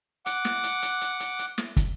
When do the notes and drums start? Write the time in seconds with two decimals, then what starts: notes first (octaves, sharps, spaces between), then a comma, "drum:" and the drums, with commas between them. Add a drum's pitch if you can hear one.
0.26 F#5 D6, drum: hi-hat
0.45 drum: snare
0.64 drum: hi-hat
0.82 drum: hi-hat
1.01 drum: hi-hat
1.20 drum: hi-hat
1.39 drum: hi-hat
1.58 drum: snare
1.76 drum: kick, hi-hat